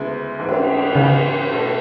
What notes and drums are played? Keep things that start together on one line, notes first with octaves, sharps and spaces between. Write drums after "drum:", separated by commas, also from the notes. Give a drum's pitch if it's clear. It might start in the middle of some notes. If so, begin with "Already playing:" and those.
Already playing: D2 C#3 G#3 B3 E4
G#2 E3 A3
drum: cymbal
G#2 C#3 E3 B3
B2 A3 E4 A4